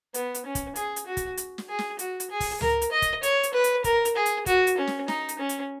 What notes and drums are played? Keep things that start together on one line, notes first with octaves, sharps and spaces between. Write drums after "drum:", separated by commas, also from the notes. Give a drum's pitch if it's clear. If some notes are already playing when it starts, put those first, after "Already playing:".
B3, drum: hi-hat
drum: hi-hat
C#4
drum: kick, hi-hat
G#4, drum: hi-hat
drum: hi-hat
F#4
drum: kick, hi-hat
drum: hi-hat
drum: snare
G#4
drum: snare
F#4, drum: hi-hat
drum: hi-hat
G#4
drum: kick, open hi-hat
A#4, drum: tom C#2
drum: hi-hat
D#5
drum: kick, hi-hat
C#5, drum: hi-hat
drum: hi-hat
B4
drum: hi-hat
A#4, drum: kick, hi-hat
drum: hi-hat
G#4
drum: hi-hat
F#4, drum: kick, hi-hat
drum: hi-hat
C#4
drum: snare
D#4, drum: snare
drum: hi-hat
C#4
drum: hi-hat